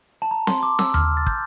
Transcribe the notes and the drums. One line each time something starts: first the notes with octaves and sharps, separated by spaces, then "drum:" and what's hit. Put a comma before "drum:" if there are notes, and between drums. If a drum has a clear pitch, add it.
A5
A#5
C6, drum: snare C4
D6
E6, drum: snare C4
F6, drum: tom D#2
A6
G6, drum: kick